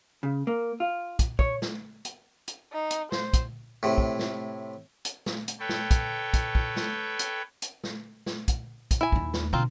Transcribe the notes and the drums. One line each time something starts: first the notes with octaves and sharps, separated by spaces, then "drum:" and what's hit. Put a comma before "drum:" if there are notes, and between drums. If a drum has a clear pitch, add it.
C#3
A#3
F4
drum: kick, hi-hat
C#5, drum: kick
drum: snare
drum: hi-hat
drum: hi-hat
D#4
drum: hi-hat
C5, drum: snare
drum: kick, hi-hat
A2 C3
drum: kick
drum: snare
drum: hi-hat
drum: snare
drum: hi-hat
A4 B4 C#5 G5
drum: snare
drum: kick, hi-hat
drum: kick, hi-hat
drum: kick
drum: snare
drum: hi-hat
drum: hi-hat
drum: snare
drum: snare
drum: kick, hi-hat
drum: kick, hi-hat
E4 G#5
D#2 D#4, drum: kick
drum: snare
B2 D3 A#3 C4 F4